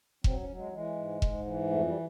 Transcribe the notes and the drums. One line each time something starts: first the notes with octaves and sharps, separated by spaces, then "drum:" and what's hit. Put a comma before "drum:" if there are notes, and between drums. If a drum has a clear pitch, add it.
F#3 C4, drum: kick F1
C#4
F#3
G#3
E3 G#3
G#2
G#2, drum: kick F1
E3
F2 A3
G3